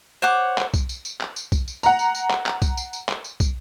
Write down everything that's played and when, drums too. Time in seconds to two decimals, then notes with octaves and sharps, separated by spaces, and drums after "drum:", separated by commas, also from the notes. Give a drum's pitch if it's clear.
0.22 C5 C#5 F#5 D6
0.58 drum: clap
0.74 drum: kick, tambourine
0.89 drum: tambourine
1.05 drum: tambourine
1.21 drum: clap
1.36 drum: tambourine
1.52 drum: kick, tambourine
1.68 drum: tambourine
1.83 F#5 A#5, drum: tambourine
1.99 drum: tambourine
2.15 drum: tambourine
2.30 drum: clap
2.46 drum: clap
2.62 drum: kick, tambourine
2.77 drum: tambourine
2.93 drum: tambourine
3.09 drum: clap
3.24 drum: tambourine
3.40 drum: kick, tambourine